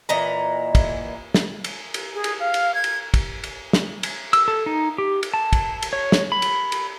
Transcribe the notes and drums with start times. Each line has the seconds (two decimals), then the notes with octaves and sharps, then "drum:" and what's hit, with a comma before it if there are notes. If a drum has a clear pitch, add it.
0.09 A#2 E3 D#5 A#5
0.75 drum: kick, cymbal
1.34 drum: snare
1.64 drum: cymbal
1.94 drum: cymbal
2.15 G#4
2.24 drum: cymbal
2.40 F5
2.54 drum: cymbal
2.74 G#6
2.84 drum: cymbal
3.14 drum: kick, cymbal
3.44 drum: cymbal
3.73 drum: snare
4.03 drum: cymbal
4.33 E6, drum: cymbal
4.48 A4
4.66 D#4
4.98 G4
5.23 drum: cymbal
5.34 A5
5.53 drum: kick, cymbal
5.82 drum: cymbal
5.93 C#5
6.12 drum: snare
6.32 B5
6.42 drum: cymbal
6.72 drum: cymbal